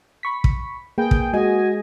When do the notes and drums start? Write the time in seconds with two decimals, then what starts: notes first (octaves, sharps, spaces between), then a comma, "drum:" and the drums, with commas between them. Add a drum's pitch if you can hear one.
0.23 B5 C#6 B6
0.44 drum: kick
0.98 A#3 G#4 B4 G5
1.11 drum: kick
1.33 G#3 F#4 D#5 G#5